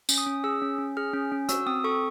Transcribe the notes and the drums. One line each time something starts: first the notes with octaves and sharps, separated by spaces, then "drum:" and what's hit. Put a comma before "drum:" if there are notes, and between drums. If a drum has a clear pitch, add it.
C#4, drum: tambourine
D#6
C#4
G#4 E6
C#4
C#4
G#4 F6
C#4
C#4
F#4 E6, drum: hi-hat
C4 D#6
A4 C#6